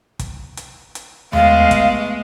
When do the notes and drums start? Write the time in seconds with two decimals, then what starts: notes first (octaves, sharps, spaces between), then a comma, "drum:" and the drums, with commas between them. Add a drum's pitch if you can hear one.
0.19 drum: kick, hi-hat
0.57 drum: hi-hat
0.95 drum: hi-hat
1.33 G#3 A3 B3 F5, drum: tom D#2
1.71 drum: kick, hi-hat